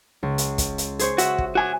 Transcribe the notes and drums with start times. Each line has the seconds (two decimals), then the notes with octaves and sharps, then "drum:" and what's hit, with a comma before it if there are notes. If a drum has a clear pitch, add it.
0.23 C#2
0.38 drum: hi-hat
0.58 drum: kick, hi-hat
0.78 drum: hi-hat
0.99 G#4 C5 C#5, drum: hi-hat
1.18 F#4 E5, drum: hi-hat
1.38 drum: kick
1.55 F#4 G#5